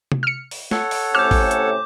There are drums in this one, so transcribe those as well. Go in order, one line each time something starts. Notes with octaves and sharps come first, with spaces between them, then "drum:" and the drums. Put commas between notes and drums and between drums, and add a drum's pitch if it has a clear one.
drum: tom C3
F6 C#7
drum: open hi-hat
A4 C#5 F#5, drum: snare
drum: open hi-hat
A2 C3 C#4 D6 F6 G6
drum: kick, open hi-hat
drum: hi-hat